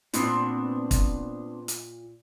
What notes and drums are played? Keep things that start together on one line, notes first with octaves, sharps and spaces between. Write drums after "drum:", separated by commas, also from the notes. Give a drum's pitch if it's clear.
A#2 B3 C4 D4, drum: hi-hat
drum: kick, hi-hat
drum: hi-hat